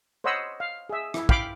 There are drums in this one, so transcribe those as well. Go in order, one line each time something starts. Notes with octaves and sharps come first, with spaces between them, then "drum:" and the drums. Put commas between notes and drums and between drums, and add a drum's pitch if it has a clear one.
C5 C#5 D#5 F#5 B5 E6
F5
G#4 E5
E4, drum: rim click
F5 G5 B5 D6, drum: kick